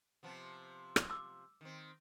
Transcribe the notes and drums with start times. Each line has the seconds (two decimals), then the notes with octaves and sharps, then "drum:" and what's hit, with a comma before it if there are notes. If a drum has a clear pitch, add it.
0.23 C3 F3 B3
0.96 drum: rim click
1.10 D6 E6
1.61 D#3 C4